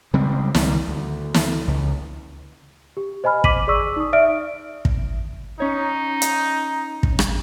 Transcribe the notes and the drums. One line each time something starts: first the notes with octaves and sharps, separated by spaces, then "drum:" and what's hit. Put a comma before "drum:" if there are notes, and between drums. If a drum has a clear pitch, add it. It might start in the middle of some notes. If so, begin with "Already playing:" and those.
C#3 G3 G#3 C4
C#2 D#3 G3, drum: snare
D2
drum: snare
C#2
G4
C5 D#5 G#5 B5 F6
D6 B6 D#7 F#7, drum: kick
G#4 D5 C#6 E6
D#4 D#6
D5 E5 F6 D7
drum: kick
C#4 D#4 C#5
drum: hi-hat
drum: kick
drum: rim click